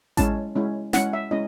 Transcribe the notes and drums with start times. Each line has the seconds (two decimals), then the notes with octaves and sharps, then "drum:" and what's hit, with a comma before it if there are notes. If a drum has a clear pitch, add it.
0.17 G#3 C#4 E4 A5, drum: kick A1, hi-hat
0.55 G#3 C#4 E4
0.93 G#3 C#4 E4 F#5, drum: snare
1.13 E5
1.31 G#3 C#4 E4 D#5